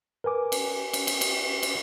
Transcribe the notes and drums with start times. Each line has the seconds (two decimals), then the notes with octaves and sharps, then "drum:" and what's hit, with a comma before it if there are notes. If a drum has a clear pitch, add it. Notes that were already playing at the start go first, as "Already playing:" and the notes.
0.24 A#4 B4 G#5 D6
0.52 drum: cymbal
0.93 drum: cymbal
1.07 drum: cymbal
1.21 drum: cymbal
1.63 drum: cymbal